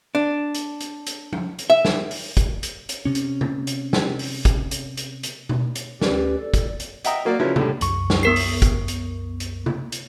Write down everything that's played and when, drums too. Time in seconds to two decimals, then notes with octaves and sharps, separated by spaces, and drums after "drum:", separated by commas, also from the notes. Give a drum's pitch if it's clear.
0.15 D4
0.54 drum: hi-hat
0.80 drum: hi-hat
1.07 drum: hi-hat
1.33 drum: tom F3
1.59 drum: hi-hat
1.70 E5
1.85 drum: snare
2.11 drum: open hi-hat
2.37 drum: kick, hi-hat
2.63 drum: hi-hat
2.89 drum: hi-hat
3.05 C3 C#4
3.15 drum: hi-hat
3.41 drum: tom C3
3.67 drum: hi-hat
3.93 drum: snare
4.19 drum: open hi-hat
4.45 drum: kick, hi-hat
4.71 drum: hi-hat
4.97 drum: hi-hat
5.23 drum: hi-hat
5.49 drum: tom B2
5.75 drum: hi-hat
6.01 D2 C#4 G4 B4 D5, drum: snare
6.39 A4 D5
6.54 drum: kick, hi-hat
6.80 drum: hi-hat
7.04 D#5 E5 F#5 G5 A#5 D#6, drum: hi-hat
7.25 F#3 A#3 F#4 D5
7.39 C#3 F3 F#3 E4 B4 C#5
7.56 A2 D3 G3, drum: tom C3
7.81 C2 F#2 C#6, drum: hi-hat
8.10 drum: snare
8.23 B3 A#4 C7
8.36 drum: open hi-hat
8.62 drum: kick, hi-hat
8.88 drum: hi-hat
9.40 drum: hi-hat
9.66 drum: tom C3
9.92 drum: hi-hat